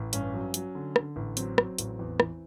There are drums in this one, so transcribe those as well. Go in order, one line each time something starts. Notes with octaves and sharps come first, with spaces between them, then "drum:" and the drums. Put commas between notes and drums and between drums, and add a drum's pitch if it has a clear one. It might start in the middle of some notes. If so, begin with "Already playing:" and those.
Already playing: A1
G2 C#4, drum: hi-hat
F#3
F#3, drum: hi-hat
D3
D3, drum: rim click
A1
F#3 C4, drum: hi-hat
F#3, drum: rim click
A1, drum: hi-hat
E2
E3, drum: rim click